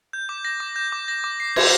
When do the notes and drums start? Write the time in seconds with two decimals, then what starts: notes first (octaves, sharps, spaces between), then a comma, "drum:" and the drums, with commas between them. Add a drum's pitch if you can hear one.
0.13 G6
0.29 D6
0.45 A#6
0.60 D6
0.76 G6
0.92 D6
1.08 A#6
1.24 D6
1.40 C7
1.56 G#6, drum: cymbal